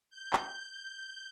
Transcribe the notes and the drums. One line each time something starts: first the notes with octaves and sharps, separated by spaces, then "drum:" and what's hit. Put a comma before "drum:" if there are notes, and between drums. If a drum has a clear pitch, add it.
G6
drum: clap